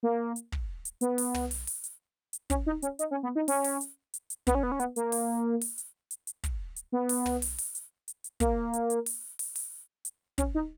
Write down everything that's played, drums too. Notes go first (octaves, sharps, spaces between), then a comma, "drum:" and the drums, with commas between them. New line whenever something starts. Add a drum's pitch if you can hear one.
A#3
drum: hi-hat
drum: kick
drum: hi-hat
B3, drum: hi-hat
drum: open hi-hat
drum: tom
drum: open hi-hat
drum: open hi-hat
drum: hi-hat
drum: hi-hat
C#4, drum: kick, hi-hat
D#4
C#4, drum: hi-hat
D#4, drum: hi-hat
C#4
B3
D#4
C#4, drum: open hi-hat
drum: open hi-hat
drum: hi-hat
drum: hi-hat
drum: hi-hat
B3, drum: kick, hi-hat
C#4
B3
C#4
B3, drum: hi-hat
A#3, drum: hi-hat
drum: open hi-hat
drum: open hi-hat
drum: hi-hat
drum: hi-hat
drum: hi-hat
drum: kick, hi-hat
drum: hi-hat
B3
drum: open hi-hat
drum: tom
drum: open hi-hat
drum: open hi-hat
drum: hi-hat
drum: hi-hat
drum: hi-hat
A#3, drum: kick, hi-hat
drum: hi-hat
drum: hi-hat
drum: open hi-hat
drum: open hi-hat
drum: open hi-hat
drum: hi-hat
C#4, drum: kick, hi-hat
D#4